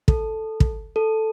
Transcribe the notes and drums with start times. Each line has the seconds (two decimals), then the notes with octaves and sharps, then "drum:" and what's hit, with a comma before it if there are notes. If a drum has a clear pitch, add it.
0.08 A4, drum: kick
0.60 drum: kick
0.96 A4